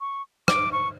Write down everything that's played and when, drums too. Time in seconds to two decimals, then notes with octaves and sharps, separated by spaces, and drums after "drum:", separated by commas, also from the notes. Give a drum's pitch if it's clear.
0.01 C#6
0.48 D6, drum: rim click
0.72 C#6